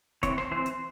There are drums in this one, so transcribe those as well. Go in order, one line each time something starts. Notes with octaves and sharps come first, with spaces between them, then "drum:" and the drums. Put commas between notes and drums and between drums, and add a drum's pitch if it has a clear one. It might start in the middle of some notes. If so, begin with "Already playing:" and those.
E3 C4 C#5, drum: kick F1, hi-hat
C5, drum: rim click
E3 C4 C5
drum: hi-hat